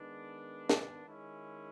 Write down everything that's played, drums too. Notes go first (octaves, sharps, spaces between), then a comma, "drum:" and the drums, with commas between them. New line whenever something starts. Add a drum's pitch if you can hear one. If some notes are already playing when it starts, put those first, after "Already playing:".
Already playing: D#3 G#3 B3 D4
drum: snare
D#3 G#3 C#4 E4